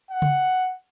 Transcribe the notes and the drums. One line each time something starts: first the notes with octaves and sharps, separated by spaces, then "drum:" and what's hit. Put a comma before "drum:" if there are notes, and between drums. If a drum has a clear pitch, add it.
F#5
drum: tom C#3